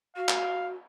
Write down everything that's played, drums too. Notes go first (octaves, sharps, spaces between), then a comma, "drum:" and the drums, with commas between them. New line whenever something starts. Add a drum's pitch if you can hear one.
F#4 F5
drum: clap